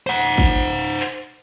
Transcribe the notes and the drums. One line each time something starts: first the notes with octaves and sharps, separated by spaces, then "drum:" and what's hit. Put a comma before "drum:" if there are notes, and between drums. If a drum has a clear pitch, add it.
C5 F#5
drum: kick
drum: clap